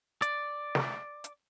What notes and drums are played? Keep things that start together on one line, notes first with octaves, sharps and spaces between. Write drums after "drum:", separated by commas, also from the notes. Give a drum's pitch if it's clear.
D5, drum: hi-hat
drum: snare
drum: hi-hat